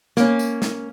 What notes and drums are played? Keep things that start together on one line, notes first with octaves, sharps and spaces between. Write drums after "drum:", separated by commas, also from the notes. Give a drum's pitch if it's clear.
A#3 C#4, drum: snare
drum: tambourine
drum: snare